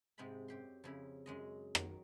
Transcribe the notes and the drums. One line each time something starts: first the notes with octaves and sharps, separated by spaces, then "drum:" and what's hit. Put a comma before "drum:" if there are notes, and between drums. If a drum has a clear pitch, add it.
G#2 C3 G#3 G4 B5
F#2 G4 C6
F2 C#3 E4
F#2 G#3 D#5
D#3 F#3, drum: rim click